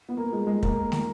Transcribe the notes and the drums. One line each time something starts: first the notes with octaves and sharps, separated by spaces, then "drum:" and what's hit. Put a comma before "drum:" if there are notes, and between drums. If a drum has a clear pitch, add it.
B3
A#3
G#3
G#3
A#3, drum: kick
A#3
A#3, drum: snare